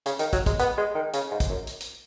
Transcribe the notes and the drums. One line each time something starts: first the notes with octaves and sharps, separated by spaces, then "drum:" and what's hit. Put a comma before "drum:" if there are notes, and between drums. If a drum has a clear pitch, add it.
C#3, drum: hi-hat
D#3, drum: hi-hat
F#3, drum: kick, hi-hat
G#3, drum: kick, hi-hat
B3, drum: hi-hat
G#3
D#3
C#3, drum: hi-hat
G#2
drum: kick, hi-hat
F#2
drum: hi-hat
drum: hi-hat